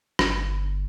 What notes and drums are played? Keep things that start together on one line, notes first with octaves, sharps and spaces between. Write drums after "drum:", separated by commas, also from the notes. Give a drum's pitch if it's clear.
G1, drum: rim click